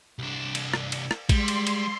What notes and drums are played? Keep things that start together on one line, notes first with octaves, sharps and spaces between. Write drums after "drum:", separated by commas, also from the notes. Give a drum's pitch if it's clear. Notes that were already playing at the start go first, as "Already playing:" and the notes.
C2 D4
drum: cymbal
drum: rim click
drum: cymbal
drum: rim click
G3 G#3 C6, drum: kick A1, cymbal
drum: cymbal
drum: cymbal